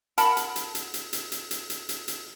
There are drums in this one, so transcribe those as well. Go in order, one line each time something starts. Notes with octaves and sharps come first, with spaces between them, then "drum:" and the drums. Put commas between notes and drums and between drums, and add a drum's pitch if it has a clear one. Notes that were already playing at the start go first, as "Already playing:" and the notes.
A#4 F#5 A5 B5, drum: hi-hat
drum: hi-hat
drum: hi-hat
drum: hi-hat
drum: hi-hat
drum: hi-hat
drum: hi-hat
drum: hi-hat
drum: hi-hat
drum: hi-hat
drum: hi-hat